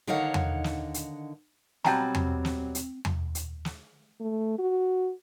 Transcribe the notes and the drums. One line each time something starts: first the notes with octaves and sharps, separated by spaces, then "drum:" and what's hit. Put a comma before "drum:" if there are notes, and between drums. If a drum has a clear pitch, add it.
D3 D#3 D#4 C#5 F5 F#5
drum: tom E2
drum: snare
drum: hi-hat
B2 F#3 G3 C4 G5 A5 A#5, drum: snare
drum: tom E2
drum: snare
drum: hi-hat
drum: tom E2
drum: hi-hat
drum: snare
A3
F#4